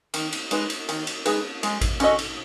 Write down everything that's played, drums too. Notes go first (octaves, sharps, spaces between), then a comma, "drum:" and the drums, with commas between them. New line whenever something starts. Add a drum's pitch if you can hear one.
D#3, drum: cymbal
drum: cymbal
G#3 D#4 G#4 B4, drum: cymbal
drum: cymbal
D#3, drum: cymbal
drum: cymbal
G#3 D#4 G#4 B4, drum: cymbal
G#3, drum: cymbal
drum: kick A1, cymbal
C#4 F#4 A4 D#5, drum: cymbal
drum: cymbal